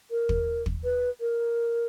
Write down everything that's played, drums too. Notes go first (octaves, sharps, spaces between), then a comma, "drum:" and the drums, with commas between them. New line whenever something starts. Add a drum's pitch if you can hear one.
A#4
drum: kick
drum: kick
B4
A#4